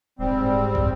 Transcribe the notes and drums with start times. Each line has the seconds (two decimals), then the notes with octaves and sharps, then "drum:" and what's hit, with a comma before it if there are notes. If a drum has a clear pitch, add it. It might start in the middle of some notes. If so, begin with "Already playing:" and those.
0.19 D#1 G#2 G3 C4
0.75 drum: kick